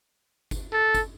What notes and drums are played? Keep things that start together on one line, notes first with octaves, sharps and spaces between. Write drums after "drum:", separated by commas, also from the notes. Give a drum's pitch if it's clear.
drum: kick G1, tambourine
A4
drum: kick G1, tambourine